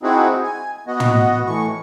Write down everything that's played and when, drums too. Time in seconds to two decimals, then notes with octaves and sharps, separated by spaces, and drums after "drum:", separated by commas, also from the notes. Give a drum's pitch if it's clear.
0.03 C4 D#4 E4 F#4 G#4
0.43 G#5
0.87 B3 F#4 D#5
1.00 drum: tom
1.46 A2 E3 C#6